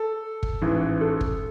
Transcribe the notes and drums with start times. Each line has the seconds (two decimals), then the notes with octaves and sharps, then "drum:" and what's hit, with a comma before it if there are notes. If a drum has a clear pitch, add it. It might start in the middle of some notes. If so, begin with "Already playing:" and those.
Already playing: A4
0.43 drum: kick
0.62 A1 G#2 E3
1.01 A4
1.21 drum: kick